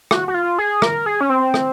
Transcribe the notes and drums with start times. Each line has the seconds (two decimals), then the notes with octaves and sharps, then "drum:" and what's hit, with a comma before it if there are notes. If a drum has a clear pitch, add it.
0.11 F#4, drum: rim click
0.28 F#4
0.34 F4
0.59 G#4
0.82 A#4, drum: rim click
1.06 G#4
1.21 C#4
1.30 C4
1.54 drum: rim click